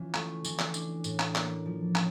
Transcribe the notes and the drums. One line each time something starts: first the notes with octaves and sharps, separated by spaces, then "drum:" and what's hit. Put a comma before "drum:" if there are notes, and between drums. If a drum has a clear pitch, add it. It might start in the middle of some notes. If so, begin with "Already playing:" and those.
Already playing: E3 C#4 F4
A3, drum: clap
E3, drum: tambourine
drum: clap
D4, drum: tambourine
A2, drum: tambourine
drum: clap
A#3, drum: clap
F3
C#4, drum: clap